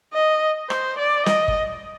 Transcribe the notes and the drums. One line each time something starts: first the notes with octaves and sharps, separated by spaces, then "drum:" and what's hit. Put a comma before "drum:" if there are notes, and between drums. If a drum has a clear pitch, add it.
D#5
C5, drum: rim click
D5
D#5, drum: snare
drum: kick G1